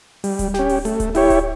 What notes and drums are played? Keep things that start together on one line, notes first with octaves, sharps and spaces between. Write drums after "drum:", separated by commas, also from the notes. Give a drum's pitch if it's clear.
G3, drum: open hi-hat
drum: kick D1, hi-hat
C#4 G4, drum: snare
drum: open hi-hat
A3, drum: hi-hat
drum: kick D1, hi-hat
E4 G4 C#5, drum: open hi-hat
drum: kick D1, hi-hat